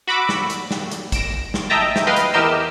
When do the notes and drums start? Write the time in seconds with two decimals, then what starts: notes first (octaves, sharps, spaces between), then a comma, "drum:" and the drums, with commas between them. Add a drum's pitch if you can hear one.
0.07 F#4 B5 D6 E6
0.29 drum: snare
0.50 drum: hi-hat
0.71 drum: snare
0.91 drum: hi-hat
1.12 A#6 D7 E7, drum: kick, hi-hat
1.54 drum: snare
1.70 D#5 E5 G5 A5 A#5
1.96 drum: snare
2.07 B4 D#5 F5 G5 C6
2.17 drum: hi-hat
2.33 E2 G4 A#4 D#5 E6